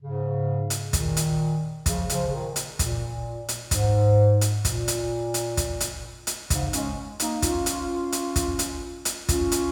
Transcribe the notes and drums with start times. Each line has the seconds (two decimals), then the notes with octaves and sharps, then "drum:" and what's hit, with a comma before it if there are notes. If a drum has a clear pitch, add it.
0.01 G#2 C#3
0.70 drum: hi-hat
0.93 A#2 D#3, drum: kick, hi-hat
1.17 drum: hi-hat
1.86 C#3 F3, drum: kick, hi-hat
2.10 C#3 F3, drum: hi-hat
2.27 C#3
2.32 A#2 D#3
2.56 drum: hi-hat
2.79 A#2, drum: kick, hi-hat
3.49 drum: hi-hat
3.71 G#2, drum: kick, hi-hat
4.41 drum: hi-hat
4.65 A#2, drum: kick, hi-hat
4.88 drum: hi-hat
5.34 drum: hi-hat
5.57 drum: kick, hi-hat
5.80 drum: hi-hat
6.27 drum: hi-hat
6.50 G#2 C#3, drum: kick, hi-hat
6.73 G#3 C#4, drum: hi-hat
7.20 A#3 D#4, drum: hi-hat
7.42 C#4 F4, drum: kick, hi-hat
7.66 drum: hi-hat
8.12 drum: hi-hat
8.36 drum: kick, hi-hat
8.59 drum: hi-hat
9.05 drum: hi-hat
9.29 C#4 F4, drum: kick, hi-hat
9.52 drum: hi-hat